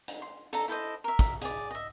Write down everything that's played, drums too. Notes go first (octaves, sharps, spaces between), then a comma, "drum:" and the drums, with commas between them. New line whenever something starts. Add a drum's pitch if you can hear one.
drum: hi-hat
C6
A4 A#5, drum: hi-hat
E4 A4 C5 D#5
A#4 E5
drum: kick, hi-hat
G#4 D5, drum: hi-hat
D#5 E5